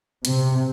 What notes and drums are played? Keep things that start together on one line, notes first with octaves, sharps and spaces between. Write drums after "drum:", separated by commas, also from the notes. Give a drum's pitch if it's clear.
C3, drum: hi-hat